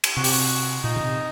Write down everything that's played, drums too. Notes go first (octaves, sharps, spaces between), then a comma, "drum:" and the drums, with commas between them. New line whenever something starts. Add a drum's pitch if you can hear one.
drum: cymbal
C3 F#4
G4, drum: open hi-hat
F#4
A#2 D#4
D3
C3